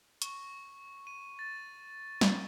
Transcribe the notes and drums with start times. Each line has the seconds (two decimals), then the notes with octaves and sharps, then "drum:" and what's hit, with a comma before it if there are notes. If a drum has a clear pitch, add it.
0.22 C#6, drum: hi-hat
1.07 D#7
1.39 A6
2.21 drum: snare